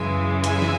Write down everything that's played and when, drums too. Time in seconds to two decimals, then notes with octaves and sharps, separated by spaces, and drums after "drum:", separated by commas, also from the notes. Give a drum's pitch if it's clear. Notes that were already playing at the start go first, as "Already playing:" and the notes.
Already playing: F#2 C#3 E3 G#3 E5 G#5
0.44 E5 G#5, drum: hi-hat
0.62 drum: snare